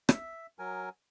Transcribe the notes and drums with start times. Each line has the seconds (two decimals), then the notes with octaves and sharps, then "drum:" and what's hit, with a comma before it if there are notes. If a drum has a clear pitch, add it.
0.09 E5, drum: rim click
0.59 F#3 A#4 G#5